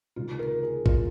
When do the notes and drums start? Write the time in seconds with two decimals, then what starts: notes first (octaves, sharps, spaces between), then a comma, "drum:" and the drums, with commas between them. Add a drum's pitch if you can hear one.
0.16 C#2 C3 D#3 G#3 F4
0.39 A#4
0.63 G#4
0.86 F4, drum: kick A1